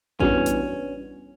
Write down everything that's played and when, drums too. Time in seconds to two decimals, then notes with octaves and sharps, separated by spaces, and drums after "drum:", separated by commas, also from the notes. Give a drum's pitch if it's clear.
0.20 E3 G3 B3 C#4 D4 F#4, drum: kick A1
0.46 drum: hi-hat